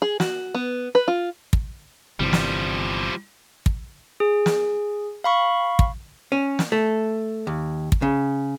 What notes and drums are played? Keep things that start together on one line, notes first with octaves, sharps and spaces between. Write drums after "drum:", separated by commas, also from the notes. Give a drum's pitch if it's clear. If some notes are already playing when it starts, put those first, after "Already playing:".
G#4
F#4, drum: snare
B3
B4
F4
drum: kick
G1 C3 E3 F3 G3
drum: snare
drum: kick
G#4
drum: snare
F5 B5 C#6
drum: kick
C#4
drum: snare
A3
D#2
drum: kick
C#3